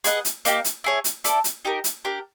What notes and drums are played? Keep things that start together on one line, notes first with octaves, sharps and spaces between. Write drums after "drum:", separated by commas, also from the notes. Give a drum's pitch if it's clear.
G#4 B4 D#5 F#5, drum: hi-hat
drum: hi-hat
A#3 D#4 G4, drum: hi-hat
drum: hi-hat
E4 G#4 C#5
drum: hi-hat
E4 A4 D5, drum: hi-hat
drum: hi-hat
D#4 G4 A#4
drum: hi-hat
D4 G4 A#4